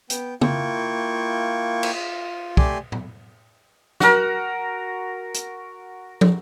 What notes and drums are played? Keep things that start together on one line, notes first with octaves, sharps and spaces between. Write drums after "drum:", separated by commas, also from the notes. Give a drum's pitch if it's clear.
B3 G5, drum: hi-hat
A#3 E4 F4 G5 C#6, drum: tom
drum: cymbal
F4
A3 G4 D5 G#5 C6, drum: kick
drum: tom
F#4 A#4, drum: snare
drum: hi-hat
drum: tom